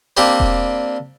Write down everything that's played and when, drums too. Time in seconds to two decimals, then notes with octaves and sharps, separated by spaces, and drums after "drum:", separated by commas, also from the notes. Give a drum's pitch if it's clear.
0.17 G3 A#3 C4 D4 G4
0.40 drum: kick E1